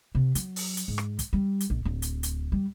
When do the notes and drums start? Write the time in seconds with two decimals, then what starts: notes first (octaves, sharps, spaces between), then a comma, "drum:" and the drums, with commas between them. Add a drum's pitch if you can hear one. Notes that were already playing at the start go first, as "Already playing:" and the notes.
0.15 C3
0.35 F#3, drum: hi-hat
0.56 drum: open hi-hat
0.77 drum: hi-hat
0.88 G#2
0.98 drum: rim click
1.19 drum: kick, hi-hat
1.33 G3
1.60 drum: hi-hat
1.70 A#1
1.85 D1
2.02 drum: hi-hat
2.23 drum: hi-hat
2.52 G3